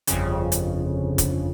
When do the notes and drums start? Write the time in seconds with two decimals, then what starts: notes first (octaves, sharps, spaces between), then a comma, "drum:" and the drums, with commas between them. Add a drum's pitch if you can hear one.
0.07 G1 F2 C#3, drum: hi-hat
0.52 drum: hi-hat
1.18 drum: kick, hi-hat